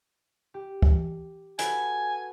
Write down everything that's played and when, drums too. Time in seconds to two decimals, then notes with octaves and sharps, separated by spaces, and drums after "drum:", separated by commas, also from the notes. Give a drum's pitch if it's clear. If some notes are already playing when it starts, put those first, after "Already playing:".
0.54 G4
0.82 drum: kick
1.59 F#4 A4 B4 G#5, drum: hi-hat